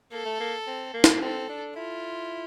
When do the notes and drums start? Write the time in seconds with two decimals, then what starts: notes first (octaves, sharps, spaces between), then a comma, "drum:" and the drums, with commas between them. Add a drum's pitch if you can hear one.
0.12 A#3 A4
0.25 A3
0.40 A#3
0.67 C4
0.94 A#3
1.04 drum: snare
1.21 C4 A4
1.49 D4
1.76 E4 F4